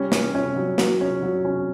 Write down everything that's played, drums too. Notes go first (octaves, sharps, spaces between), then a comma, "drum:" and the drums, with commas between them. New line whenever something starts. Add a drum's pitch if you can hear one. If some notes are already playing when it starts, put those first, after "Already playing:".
Already playing: G3 C#4
C#4, drum: snare
C#4
F#3
F#3, drum: snare
C#4
F#3
C#4